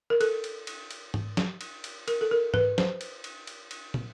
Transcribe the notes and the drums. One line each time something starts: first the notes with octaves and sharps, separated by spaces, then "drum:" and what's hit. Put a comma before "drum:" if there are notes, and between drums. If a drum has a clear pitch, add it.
A#4
A4, drum: cymbal
drum: cymbal
drum: cymbal
drum: cymbal
drum: tom G#2
drum: snare
drum: cymbal
drum: cymbal
A#4, drum: cymbal
A4
A#4
B4, drum: tom G#2
C5, drum: snare
drum: cymbal
drum: cymbal
drum: cymbal
drum: cymbal
drum: tom